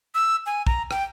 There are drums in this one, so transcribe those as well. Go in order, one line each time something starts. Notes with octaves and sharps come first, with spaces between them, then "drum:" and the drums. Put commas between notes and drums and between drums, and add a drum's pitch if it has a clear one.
E6
G#5
A#5, drum: kick
G5, drum: rim click